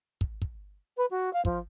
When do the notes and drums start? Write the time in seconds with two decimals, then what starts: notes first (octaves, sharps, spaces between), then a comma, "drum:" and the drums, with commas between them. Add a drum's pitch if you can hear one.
0.21 drum: kick
0.42 drum: kick
0.97 B4
1.10 F#4
1.33 F5
1.45 F3, drum: kick